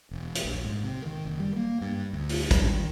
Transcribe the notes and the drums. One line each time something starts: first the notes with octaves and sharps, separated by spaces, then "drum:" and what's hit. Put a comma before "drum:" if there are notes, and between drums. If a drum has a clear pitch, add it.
E1
drum: hi-hat
A#1
G#2
C3
D#3
F#1
G3
A#3
G2
D2
drum: open hi-hat
G3, drum: kick, hi-hat
D#3